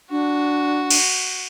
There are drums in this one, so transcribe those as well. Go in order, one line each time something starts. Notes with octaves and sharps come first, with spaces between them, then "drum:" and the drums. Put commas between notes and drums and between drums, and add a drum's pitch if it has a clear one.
D4 F#4
drum: cymbal